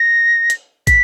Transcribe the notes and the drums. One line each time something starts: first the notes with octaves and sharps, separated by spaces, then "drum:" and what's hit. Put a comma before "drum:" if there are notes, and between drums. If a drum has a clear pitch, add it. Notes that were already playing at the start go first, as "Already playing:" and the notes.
Already playing: A#6
drum: hi-hat
B6, drum: kick, hi-hat